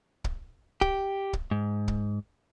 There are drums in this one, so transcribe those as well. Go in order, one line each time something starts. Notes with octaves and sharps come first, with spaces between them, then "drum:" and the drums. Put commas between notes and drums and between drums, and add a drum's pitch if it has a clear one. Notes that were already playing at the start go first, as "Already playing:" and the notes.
drum: kick
G4, drum: kick
drum: kick
G#2
drum: kick